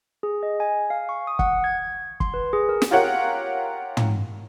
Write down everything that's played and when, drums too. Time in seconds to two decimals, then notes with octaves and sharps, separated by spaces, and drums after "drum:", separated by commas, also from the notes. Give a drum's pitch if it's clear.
0.23 G#4
0.43 D#5
0.60 G#5
0.90 F5
1.09 C#6
1.27 D#6
1.39 F#5, drum: kick
1.64 G#6
2.20 C6, drum: kick
2.34 B4
2.53 G#4
2.69 A#4
2.82 drum: snare
2.91 F4 G4 A#4 C#5 F#5
3.97 drum: tom